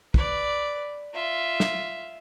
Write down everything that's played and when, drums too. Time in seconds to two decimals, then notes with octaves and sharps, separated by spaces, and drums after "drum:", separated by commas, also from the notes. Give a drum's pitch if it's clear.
0.14 B4 D5, drum: kick
1.14 F4 E5
1.60 drum: snare